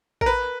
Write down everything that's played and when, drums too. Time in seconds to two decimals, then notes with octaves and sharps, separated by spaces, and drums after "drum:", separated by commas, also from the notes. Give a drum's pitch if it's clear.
0.21 A#4, drum: kick A#1
0.26 B4